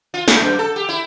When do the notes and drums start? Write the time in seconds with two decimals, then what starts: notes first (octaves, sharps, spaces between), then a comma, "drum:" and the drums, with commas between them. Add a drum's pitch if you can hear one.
0.14 F4
0.28 A3, drum: snare
0.41 F#2
0.59 A4
0.76 G4
0.89 E4